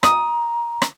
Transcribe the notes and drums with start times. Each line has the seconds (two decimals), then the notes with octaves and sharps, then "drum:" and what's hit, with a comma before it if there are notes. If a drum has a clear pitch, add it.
0.03 A#5 D#6, drum: rim click
0.82 drum: rim click